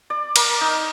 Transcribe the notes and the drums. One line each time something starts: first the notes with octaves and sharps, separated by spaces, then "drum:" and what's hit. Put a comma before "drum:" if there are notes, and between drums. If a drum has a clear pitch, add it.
D5
A#4, drum: cymbal
D#4